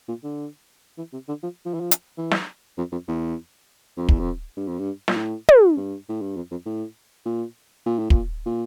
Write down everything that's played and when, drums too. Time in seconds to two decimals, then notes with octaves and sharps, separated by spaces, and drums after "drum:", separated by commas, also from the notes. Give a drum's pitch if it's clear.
0.09 A#2
0.24 D3
0.98 E3
1.13 C3
1.28 D3
1.43 F3
1.66 F3
1.74 E3
1.80 F3
1.91 drum: hi-hat
2.18 E3
2.31 drum: snare
2.78 F2
2.92 F2
3.08 E2
3.97 F2
4.09 E2, drum: kick
4.19 F2
4.57 G2
4.68 F2
4.79 G2
5.08 A#2, drum: snare
5.17 A2
5.49 drum: tom
5.77 G2
6.09 A2
6.22 G2
6.36 F2
6.51 F2
6.66 A2
7.26 A#2
7.86 A#2
7.99 A2
8.10 A#2, drum: kick
8.46 A#2